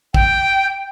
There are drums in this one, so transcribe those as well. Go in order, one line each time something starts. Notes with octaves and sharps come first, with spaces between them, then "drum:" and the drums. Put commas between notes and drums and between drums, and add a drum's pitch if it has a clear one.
G5, drum: kick